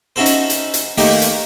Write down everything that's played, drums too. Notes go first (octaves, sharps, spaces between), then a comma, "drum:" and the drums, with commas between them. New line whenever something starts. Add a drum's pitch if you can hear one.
C#4 D#4 E4 F#4 A4 C5
drum: hi-hat
drum: hi-hat
drum: hi-hat
D#3 A3 A#3 G4 D#5 D6, drum: open hi-hat
drum: hi-hat